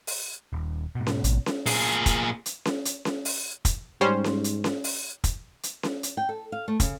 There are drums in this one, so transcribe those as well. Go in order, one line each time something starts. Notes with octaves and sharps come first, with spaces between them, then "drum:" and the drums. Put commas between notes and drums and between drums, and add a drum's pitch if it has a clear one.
drum: open hi-hat
D#1
G#2 B2
drum: snare C#4
A1, drum: hi-hat
drum: snare C#4
A#2 G#4, drum: open hi-hat
drum: kick, hi-hat
drum: hi-hat
drum: snare C#4
drum: hi-hat
drum: snare C#4
drum: open hi-hat
drum: kick, hi-hat
G#2 G3 C#4 C5
drum: snare C#4
drum: hi-hat
drum: snare C#4
drum: open hi-hat
drum: kick, hi-hat
drum: hi-hat
drum: snare C#4
drum: hi-hat
G5
A4
F5
A3
C#3, drum: kick, hi-hat